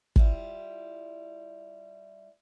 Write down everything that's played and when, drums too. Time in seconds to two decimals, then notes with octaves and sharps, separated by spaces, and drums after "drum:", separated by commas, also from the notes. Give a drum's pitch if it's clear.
0.16 G3 E4 F4, drum: kick